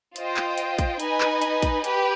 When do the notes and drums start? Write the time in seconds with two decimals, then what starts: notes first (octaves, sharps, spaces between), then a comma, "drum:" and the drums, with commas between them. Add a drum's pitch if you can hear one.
0.16 F4 C5 D#5 G5, drum: hi-hat
0.37 drum: clap
0.58 drum: hi-hat
0.79 drum: kick, hi-hat
1.00 D#4 B4 D#5 G#5, drum: hi-hat
1.20 drum: clap
1.41 drum: hi-hat
1.62 drum: kick, hi-hat
1.84 G4 B4, drum: hi-hat